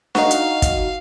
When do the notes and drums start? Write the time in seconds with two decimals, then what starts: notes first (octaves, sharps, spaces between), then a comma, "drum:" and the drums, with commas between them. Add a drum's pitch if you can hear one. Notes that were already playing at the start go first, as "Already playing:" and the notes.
0.15 D#4 F#4 F5, drum: snare D4
0.31 drum: hi-hat
0.62 drum: kick, hi-hat